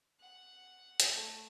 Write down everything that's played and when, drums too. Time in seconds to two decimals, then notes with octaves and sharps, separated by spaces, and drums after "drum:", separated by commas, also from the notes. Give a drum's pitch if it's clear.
0.20 F#5
1.00 drum: hi-hat
1.12 A3